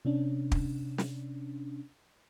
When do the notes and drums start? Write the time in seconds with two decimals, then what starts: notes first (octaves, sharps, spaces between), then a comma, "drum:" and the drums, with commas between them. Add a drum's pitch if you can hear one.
0.05 C3 C#4 D4
0.52 drum: kick
0.98 drum: snare